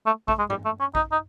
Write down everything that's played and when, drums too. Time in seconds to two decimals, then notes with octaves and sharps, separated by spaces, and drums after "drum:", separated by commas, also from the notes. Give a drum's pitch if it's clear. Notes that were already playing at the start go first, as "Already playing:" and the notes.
0.07 A3
0.28 A3, drum: kick A#1
0.39 G#3
0.50 G3, drum: tom G#2
0.65 A3
0.80 C#4
0.95 D#4, drum: kick A#1
1.12 D#4